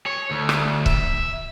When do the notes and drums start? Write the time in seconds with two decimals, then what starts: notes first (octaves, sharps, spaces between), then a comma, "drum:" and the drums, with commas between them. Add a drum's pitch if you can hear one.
0.06 C#5
0.31 D2
0.49 drum: rim click
0.86 E5, drum: kick